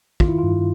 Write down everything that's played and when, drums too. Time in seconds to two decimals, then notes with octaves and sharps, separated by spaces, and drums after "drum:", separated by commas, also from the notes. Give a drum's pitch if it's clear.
0.20 D#3 F4, drum: kick
0.28 E4
0.38 F4
0.43 G2